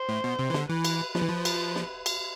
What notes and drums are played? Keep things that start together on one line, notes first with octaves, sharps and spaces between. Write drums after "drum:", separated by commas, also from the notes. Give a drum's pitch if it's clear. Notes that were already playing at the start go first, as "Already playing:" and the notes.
Already playing: C5
A2
B2
C3
E3
D3, drum: snare
E3 B4
drum: cymbal
F3 B4, drum: snare
E3
F3
drum: cymbal
drum: snare
drum: cymbal